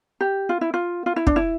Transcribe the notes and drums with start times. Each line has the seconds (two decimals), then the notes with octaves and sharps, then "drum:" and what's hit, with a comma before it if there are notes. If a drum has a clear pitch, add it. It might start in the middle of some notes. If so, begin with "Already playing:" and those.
0.21 G4
0.49 F4
0.61 E4
0.74 F4
1.06 F4
1.16 E4
1.27 D4, drum: kick
1.36 E4